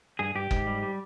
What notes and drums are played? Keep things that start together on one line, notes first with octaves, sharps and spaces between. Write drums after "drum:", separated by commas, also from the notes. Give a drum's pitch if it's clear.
G2 G#4
G2 G4
G#2, drum: kick F#1
G3
G3